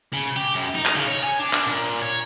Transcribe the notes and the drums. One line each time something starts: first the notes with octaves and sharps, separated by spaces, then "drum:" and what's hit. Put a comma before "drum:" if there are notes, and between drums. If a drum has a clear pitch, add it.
C#3
G4
F#2
D#4
drum: clap
C#3
C#5
G#5
D4
D4, drum: clap
A#2
C#5